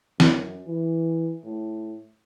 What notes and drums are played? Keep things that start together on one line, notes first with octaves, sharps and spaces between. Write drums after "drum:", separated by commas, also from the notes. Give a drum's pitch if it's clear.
F#2, drum: snare
E3
A2